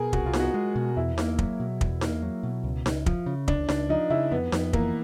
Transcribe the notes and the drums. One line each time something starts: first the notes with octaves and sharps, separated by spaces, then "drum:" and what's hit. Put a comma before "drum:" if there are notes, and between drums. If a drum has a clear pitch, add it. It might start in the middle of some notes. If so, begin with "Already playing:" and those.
Already playing: B2 G#4 A#4
C2 F#4, drum: kick
F4
B3, drum: snare D#4
F#4
G#3
B2
E2 E4
A#3, drum: snare D#4
F#3, drum: kick
B2
E2, drum: kick
A#3, drum: snare D#4
F#3
B2
C#2
C#2, drum: snare D#4
F3, drum: kick
C#3
C#2 D4, drum: kick
C#2 D4, drum: snare D#4
F3 D#4
C#3 E4
F2 B3
F2, drum: snare D#4
E3 A#3, drum: kick